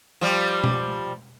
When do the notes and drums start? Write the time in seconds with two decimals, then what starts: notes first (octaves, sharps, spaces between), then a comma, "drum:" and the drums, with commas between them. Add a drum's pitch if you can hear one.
0.21 F3 G3
0.64 drum: tom B2